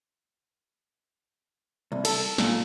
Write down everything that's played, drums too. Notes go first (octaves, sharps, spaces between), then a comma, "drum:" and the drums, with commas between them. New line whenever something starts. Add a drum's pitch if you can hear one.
C2
A4, drum: cymbal
A#2, drum: snare